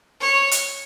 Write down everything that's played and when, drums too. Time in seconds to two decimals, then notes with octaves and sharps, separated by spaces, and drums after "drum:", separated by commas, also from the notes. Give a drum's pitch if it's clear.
0.21 C#5
0.51 drum: hi-hat